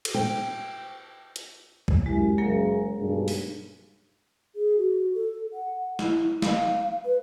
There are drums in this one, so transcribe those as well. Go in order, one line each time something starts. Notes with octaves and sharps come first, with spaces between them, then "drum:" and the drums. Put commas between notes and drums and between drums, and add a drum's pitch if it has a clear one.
drum: cymbal
G5
drum: hi-hat
drum: kick
F#2 G#3 E4 G4
F#1 C#3 F#3 A#3 A#4
B1 G2 C#3
drum: open hi-hat
G#4
F#4
A4
F#5
E4, drum: snare
F5, drum: snare
B4